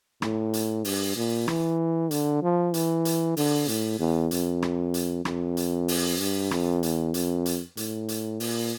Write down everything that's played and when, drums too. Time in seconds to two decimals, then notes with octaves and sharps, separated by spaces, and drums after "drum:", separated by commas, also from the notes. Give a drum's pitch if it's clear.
0.22 A2, drum: rim click
0.53 drum: hi-hat
0.85 G2, drum: open hi-hat
1.16 A#2
1.48 E3, drum: rim click
2.11 D3, drum: hi-hat
2.42 F3
2.74 E3, drum: hi-hat
3.05 drum: hi-hat
3.37 D3, drum: open hi-hat
3.68 A2, drum: hi-hat
3.99 E2
4.31 F2, drum: hi-hat
4.62 drum: rim click
4.94 drum: hi-hat
5.25 F2, drum: rim click
5.57 drum: hi-hat
5.88 drum: open hi-hat
6.20 G2, drum: hi-hat
6.51 F2, drum: rim click
6.83 E2, drum: hi-hat
7.14 F2, drum: hi-hat
7.46 drum: hi-hat
7.77 A2, drum: hi-hat
8.08 drum: hi-hat
8.40 A#2, drum: open hi-hat